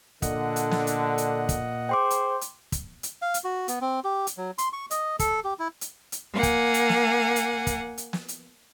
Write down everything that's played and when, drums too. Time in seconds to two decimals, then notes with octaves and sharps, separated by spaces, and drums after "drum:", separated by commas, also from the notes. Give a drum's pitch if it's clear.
0.22 A#2 D3 D#5 F#5, drum: kick, hi-hat
0.56 drum: hi-hat
0.71 drum: snare
0.87 drum: hi-hat
1.18 drum: hi-hat
1.49 drum: kick, hi-hat
1.89 G#4 C5 G5 C6 D6
2.10 drum: hi-hat
2.41 drum: hi-hat
2.72 drum: kick, hi-hat
3.03 drum: hi-hat
3.22 F5
3.34 drum: hi-hat
3.44 F#4
3.68 B3, drum: hi-hat
3.81 C4
4.04 G4
4.27 drum: hi-hat
4.37 F#3
4.58 C6, drum: hi-hat
4.73 C#6
4.91 D#5, drum: hi-hat
5.19 A4, drum: kick, hi-hat
5.44 G4
5.59 E4
5.81 drum: hi-hat
6.12 drum: hi-hat
6.34 A#3 F#5 G#5
6.43 drum: kick, hi-hat
6.74 drum: hi-hat
6.89 drum: snare
7.36 drum: hi-hat
7.67 drum: kick, hi-hat
7.98 drum: hi-hat
8.13 drum: snare
8.28 drum: hi-hat